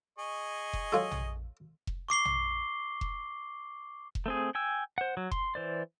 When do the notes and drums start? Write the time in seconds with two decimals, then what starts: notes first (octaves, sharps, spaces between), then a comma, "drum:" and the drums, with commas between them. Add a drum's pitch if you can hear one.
0.19 G#4 D#5 C#6
0.73 drum: kick F1
0.92 F#3 F4 A4
1.11 drum: tom
1.87 drum: kick F1
2.09 C#6 D6 C7 G7
2.25 drum: tom
3.01 drum: kick F1
4.15 drum: kick F1
4.26 A3 C4 G#4
4.55 G5 G#5 E6
4.98 C5 F#5
5.17 F#3
5.31 C6, drum: kick F1
5.55 E3 C5 D5